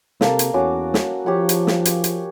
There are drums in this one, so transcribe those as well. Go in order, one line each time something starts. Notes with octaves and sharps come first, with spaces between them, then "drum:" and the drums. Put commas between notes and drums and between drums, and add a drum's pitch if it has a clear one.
C3 A#3 A4 F5, drum: snare
drum: hi-hat
E2 C#4 F#4 D6
drum: snare
F3 G4 C#5 F#5
drum: hi-hat
drum: snare
drum: hi-hat
drum: hi-hat